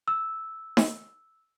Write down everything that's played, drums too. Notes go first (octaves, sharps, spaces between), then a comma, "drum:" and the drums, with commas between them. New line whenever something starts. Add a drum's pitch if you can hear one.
E6
drum: snare D#4